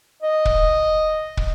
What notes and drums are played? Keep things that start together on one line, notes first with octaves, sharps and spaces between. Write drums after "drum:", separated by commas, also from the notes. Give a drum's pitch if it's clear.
D#5
drum: kick
drum: kick